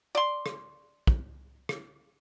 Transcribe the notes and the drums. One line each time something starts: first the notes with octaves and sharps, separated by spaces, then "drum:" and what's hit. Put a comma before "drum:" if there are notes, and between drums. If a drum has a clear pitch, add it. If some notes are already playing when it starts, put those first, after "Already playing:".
D5 C6
drum: rim click
drum: kick
drum: rim click